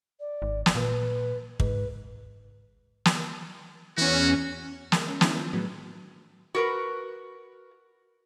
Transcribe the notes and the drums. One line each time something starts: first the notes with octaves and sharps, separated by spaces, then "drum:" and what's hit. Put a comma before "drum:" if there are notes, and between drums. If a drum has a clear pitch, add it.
D5
G#1
drum: snare
A#2 B4
G#2 B4, drum: kick
drum: snare
E2 C#4 F#4
G#3 A#4 E5 C6, drum: snare
C#4
D#3 F#3 G#3 B3 D4 E4, drum: snare
F3
A2 F#3 G#3 A3 B3
F#4 A#4 B4